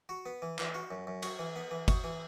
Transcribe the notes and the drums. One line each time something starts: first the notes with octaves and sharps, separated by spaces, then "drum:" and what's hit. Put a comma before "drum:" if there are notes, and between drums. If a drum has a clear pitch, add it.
F#4
B3
E3
E3, drum: clap
F#4
F#2
F#2
F#4, drum: cymbal
E3
B3
E3
F#4, drum: kick, cymbal
E3